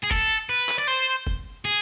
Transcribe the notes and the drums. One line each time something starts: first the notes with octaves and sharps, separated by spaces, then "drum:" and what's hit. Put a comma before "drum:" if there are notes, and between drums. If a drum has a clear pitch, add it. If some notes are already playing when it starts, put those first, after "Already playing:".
G#4
A4, drum: kick F1
B4
drum: clap
D5
C5
drum: kick F1
G#4